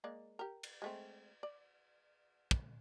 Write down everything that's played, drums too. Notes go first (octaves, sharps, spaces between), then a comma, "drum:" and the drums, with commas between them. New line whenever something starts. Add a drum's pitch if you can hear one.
G#3 A#3 D5
G4 A#4
drum: cymbal
G#3 A3 C4
D5
drum: kick